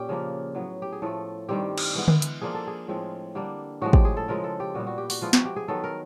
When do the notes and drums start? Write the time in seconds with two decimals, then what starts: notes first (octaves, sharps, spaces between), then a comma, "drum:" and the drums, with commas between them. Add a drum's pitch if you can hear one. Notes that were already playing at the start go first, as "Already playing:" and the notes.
Already playing: A#2 C#4 G4
0.09 C#3 F3 A#3
0.55 A2 F#3 B3
0.82 G4
0.92 G#4
1.02 A2 F3 A3 A4
1.48 G2 D#3 G3 C4 G4
1.78 drum: cymbal
1.95 E3 G#3 B3
2.08 drum: tom D3
2.22 drum: hi-hat
2.41 F3 A#3 D4 F4 G#4
2.54 A4
2.67 G#4
2.88 A2 F3 G#3 C4
3.35 D3 G3 A#3 D4
3.82 A2 F3 G#3 F#4
3.93 G4, drum: kick
4.05 G#4
4.17 A4
4.28 C#3 F3 G#3 A#4
4.44 A4
4.60 G4
4.75 A#2 G3 B3 F#4
4.87 F#4
4.98 G4
5.10 F#4, drum: open hi-hat
5.21 F3 G#3 B3 E4 F4
5.33 F#4, drum: snare
5.45 G4
5.56 G#4
5.68 D#3 F#3 B3 A4
5.84 A#4